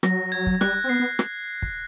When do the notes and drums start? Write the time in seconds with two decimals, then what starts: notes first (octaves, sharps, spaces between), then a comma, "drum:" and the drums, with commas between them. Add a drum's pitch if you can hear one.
0.03 F#3 A#6, drum: rim click
0.32 G#6
0.46 drum: kick
0.61 G3 F#6, drum: rim click
0.84 C4
0.89 B3 C7
1.00 B3
1.19 drum: rim click
1.62 drum: kick